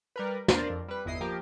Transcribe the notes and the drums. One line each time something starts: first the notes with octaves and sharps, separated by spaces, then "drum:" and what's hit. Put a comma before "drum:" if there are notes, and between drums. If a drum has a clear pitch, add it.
G3 A#4 B4
D4 F4 A#4 C5 D5, drum: snare
F2
G3 B4
G1 E2 E4 D#5 D#6 C7
F3 A#3 G4 A#4